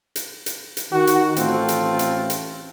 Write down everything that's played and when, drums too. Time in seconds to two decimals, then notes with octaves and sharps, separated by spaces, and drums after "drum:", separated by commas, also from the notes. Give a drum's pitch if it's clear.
0.16 drum: hi-hat
0.46 drum: hi-hat
0.77 drum: hi-hat
0.92 D#3 F#4
1.07 drum: hi-hat
1.36 A1 A3 C4 F4, drum: hi-hat
1.68 drum: hi-hat
1.99 drum: hi-hat
2.30 drum: hi-hat